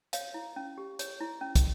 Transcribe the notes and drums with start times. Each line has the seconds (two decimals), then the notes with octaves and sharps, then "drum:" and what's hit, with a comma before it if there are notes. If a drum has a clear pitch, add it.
0.13 C#5 F5, drum: hi-hat
0.34 E4
0.56 C#4
0.78 G4
0.99 C#5, drum: hi-hat
1.21 E4
1.41 C#4
1.55 drum: kick, hi-hat